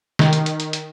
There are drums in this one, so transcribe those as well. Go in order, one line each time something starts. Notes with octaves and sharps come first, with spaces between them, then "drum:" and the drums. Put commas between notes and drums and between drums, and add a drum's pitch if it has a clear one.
D#3, drum: snare
drum: hi-hat
drum: hi-hat
drum: hi-hat
drum: hi-hat